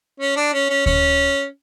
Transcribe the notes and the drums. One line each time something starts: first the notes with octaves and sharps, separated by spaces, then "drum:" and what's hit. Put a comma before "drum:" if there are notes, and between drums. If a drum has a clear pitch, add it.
C#4
D4
C#4
C#4
C#4, drum: kick D2